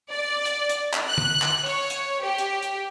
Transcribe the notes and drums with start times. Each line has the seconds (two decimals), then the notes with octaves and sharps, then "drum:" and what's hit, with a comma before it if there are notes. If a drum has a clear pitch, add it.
0.12 D5
0.45 drum: hi-hat
0.69 drum: hi-hat
0.94 drum: clap
1.08 F#6
1.18 drum: tom
1.42 drum: clap
1.66 C#5, drum: open hi-hat
1.90 drum: hi-hat
2.23 G4
2.38 drum: hi-hat
2.63 drum: hi-hat